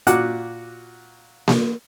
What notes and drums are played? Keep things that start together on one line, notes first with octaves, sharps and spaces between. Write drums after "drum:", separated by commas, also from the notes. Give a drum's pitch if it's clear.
A#2 F#4 F#5 D6, drum: hi-hat
drum: snare A#3